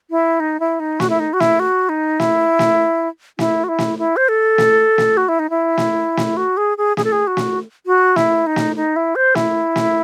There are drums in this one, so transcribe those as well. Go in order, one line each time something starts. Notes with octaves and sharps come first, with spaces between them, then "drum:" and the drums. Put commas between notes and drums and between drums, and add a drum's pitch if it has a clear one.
E4
D#4
E4
D#4
F#4, drum: snare
E4
D#4
F#4
E4, drum: snare
F#4
D#4
E4, drum: snare
drum: snare
E4, drum: snare
F#4
E4
drum: snare
E4
C5
A4
drum: snare
drum: snare
F#4
E4
D#4
E4
drum: snare
drum: snare
F#4
G#4
G#4
G#4, drum: snare
A4
G#4
F#4
drum: snare
F#4
E4, drum: snare
D#4
drum: snare
D#4
E4
C5
E4, drum: snare
drum: snare